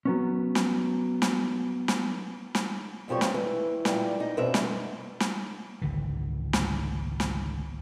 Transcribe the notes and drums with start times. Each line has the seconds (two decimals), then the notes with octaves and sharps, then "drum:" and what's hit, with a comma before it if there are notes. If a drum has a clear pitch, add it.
0.05 F#3 B3 C#4
0.55 drum: snare
1.22 drum: snare
1.88 drum: snare
2.55 drum: snare
3.08 F2 B2 F3 G3 C#5
3.21 drum: snare
3.34 E3
3.85 A#2 G3, drum: snare
4.20 D#4
4.37 F#2 B2 C4 D4 B4 E5
4.54 drum: snare
5.20 drum: snare
5.82 G#1 C#2 D3 E3
6.53 drum: snare
7.20 drum: snare